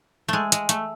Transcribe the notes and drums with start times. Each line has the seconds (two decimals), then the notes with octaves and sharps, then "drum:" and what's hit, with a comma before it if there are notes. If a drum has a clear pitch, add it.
0.28 G#3 A3
0.52 G#3, drum: hi-hat
0.69 A3, drum: hi-hat